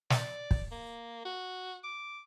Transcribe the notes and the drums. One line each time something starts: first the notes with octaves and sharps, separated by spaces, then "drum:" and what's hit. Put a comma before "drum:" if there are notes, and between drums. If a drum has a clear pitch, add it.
D5, drum: snare
drum: kick
A#3
F#4
D6